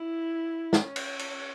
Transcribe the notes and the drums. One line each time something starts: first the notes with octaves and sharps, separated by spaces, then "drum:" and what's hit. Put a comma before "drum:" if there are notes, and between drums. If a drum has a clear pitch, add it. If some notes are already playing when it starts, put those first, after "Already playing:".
Already playing: E4
C#4, drum: snare
drum: cymbal
drum: cymbal